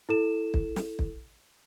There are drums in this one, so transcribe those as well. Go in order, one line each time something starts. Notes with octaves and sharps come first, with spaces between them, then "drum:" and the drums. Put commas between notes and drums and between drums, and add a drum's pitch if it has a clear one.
E4 A4 E7
drum: kick
drum: snare
drum: kick